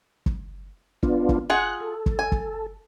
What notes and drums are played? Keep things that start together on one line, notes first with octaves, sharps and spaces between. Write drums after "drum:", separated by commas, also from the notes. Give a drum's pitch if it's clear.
drum: kick
B3 D4 F4, drum: kick
drum: kick
F4 G#4 F#5 F#6
A4
drum: kick
G#5
drum: kick